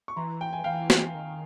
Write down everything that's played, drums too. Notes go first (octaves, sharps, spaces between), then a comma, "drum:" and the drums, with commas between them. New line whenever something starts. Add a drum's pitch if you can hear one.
C#6
E3 A#5 C6
G5
G#5
E3 F5 G5
drum: snare
D#3